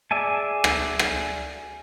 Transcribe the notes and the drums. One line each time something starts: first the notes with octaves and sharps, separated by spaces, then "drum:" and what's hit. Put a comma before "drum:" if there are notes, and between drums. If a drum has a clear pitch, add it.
G#4 D5 E5 G#5 A5
drum: rim click
drum: rim click